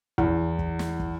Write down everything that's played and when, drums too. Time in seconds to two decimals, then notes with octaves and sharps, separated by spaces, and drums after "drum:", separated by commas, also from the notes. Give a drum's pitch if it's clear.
0.18 E2, drum: kick
0.59 drum: kick
0.79 drum: snare
1.00 drum: kick